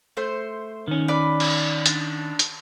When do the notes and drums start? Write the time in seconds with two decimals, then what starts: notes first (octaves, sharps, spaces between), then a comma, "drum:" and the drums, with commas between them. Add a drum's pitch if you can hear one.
0.17 A3 C5
0.88 D#3 C#4
1.08 B4 D5
1.40 drum: cymbal
1.86 D4, drum: hi-hat
2.39 drum: hi-hat